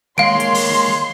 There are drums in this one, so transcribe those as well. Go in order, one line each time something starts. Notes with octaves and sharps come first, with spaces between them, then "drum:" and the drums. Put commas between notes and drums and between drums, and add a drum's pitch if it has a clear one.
D#3 G#3 A#3 C#5 F5 C6 D7
drum: hi-hat
drum: open hi-hat